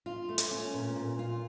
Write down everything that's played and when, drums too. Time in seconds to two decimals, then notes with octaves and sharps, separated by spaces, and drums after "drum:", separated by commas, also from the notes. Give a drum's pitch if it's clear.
0.06 F4
0.29 A3
0.38 drum: hi-hat
0.51 C#4
0.74 A#2
0.96 A#2
1.19 F4